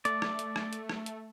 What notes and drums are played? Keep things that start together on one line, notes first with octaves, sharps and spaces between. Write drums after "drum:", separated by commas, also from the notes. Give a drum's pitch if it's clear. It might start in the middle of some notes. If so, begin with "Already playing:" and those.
A3 D5, drum: hi-hat
drum: rim click
drum: hi-hat
drum: rim click
drum: hi-hat
drum: rim click
drum: hi-hat